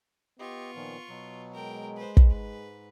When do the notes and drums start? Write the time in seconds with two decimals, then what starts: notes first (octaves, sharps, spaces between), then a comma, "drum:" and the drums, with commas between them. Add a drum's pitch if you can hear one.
0.39 B3 F4 G4 D#5 C#6
0.75 A#2 D#3 F3
1.09 B2 F#3
1.53 G#3 A#4 G5
1.96 B4 C5
2.17 drum: kick
2.29 G#2 B4